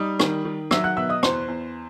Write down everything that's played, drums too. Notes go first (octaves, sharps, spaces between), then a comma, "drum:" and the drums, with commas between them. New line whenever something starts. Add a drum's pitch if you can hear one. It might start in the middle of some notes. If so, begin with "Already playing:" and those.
Already playing: G3 D#4 D#6
D#3, drum: rim click
D#3
F#3 E5 E6, drum: rim click
F#5 F#6
B2 E5 E6
D#5 D#6
E2 C5 C6, drum: rim click
E2